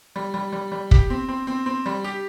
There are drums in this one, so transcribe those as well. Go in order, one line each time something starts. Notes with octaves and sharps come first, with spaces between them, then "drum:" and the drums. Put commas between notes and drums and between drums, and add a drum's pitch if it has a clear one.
G3
G3
G3
G3
G4, drum: kick
C4
C4
C4
C4
G3
G4